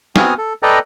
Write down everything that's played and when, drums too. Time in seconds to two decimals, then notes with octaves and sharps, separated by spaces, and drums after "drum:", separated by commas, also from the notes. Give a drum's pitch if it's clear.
0.16 B3 C4 F#4 G#5 D#6 F6, drum: snare
0.38 A4
0.63 A4 B4 D5 D#5 G5 A#5